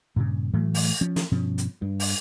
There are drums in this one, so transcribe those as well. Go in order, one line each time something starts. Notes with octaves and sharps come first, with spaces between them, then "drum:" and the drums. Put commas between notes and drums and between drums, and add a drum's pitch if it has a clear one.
G2 A#2 C#3
A2 E3 F#3 A3
drum: open hi-hat
F3 C#4
drum: snare
G2 B2 F3 C#4
drum: hi-hat
G2
drum: open hi-hat